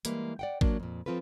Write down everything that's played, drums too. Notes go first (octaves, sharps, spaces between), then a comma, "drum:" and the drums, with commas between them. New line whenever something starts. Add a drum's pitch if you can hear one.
E3 G3 G#3 A#3 B4, drum: hi-hat
D5 F#5 G5
F#3 A#3 D4, drum: kick G#1
F2 A#2
F3 C4 F4 A4 B4